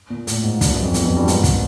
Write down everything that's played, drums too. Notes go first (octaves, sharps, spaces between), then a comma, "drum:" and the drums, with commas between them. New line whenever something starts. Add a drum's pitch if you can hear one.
A#2
A2, drum: hi-hat
G#2
G2, drum: kick, hi-hat
F#2
F2
E2, drum: hi-hat
F2
G2
G#2, drum: hi-hat
drum: kick, hi-hat